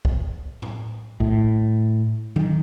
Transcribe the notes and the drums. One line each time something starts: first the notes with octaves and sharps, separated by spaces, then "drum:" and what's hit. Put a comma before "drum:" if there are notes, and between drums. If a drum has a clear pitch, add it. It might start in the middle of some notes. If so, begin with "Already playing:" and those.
drum: kick
drum: tom A2
A2, drum: kick
D#3, drum: tom F#3